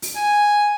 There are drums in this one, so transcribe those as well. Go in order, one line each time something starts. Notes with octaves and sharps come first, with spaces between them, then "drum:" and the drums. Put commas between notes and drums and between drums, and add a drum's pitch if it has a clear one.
drum: open hi-hat
G#5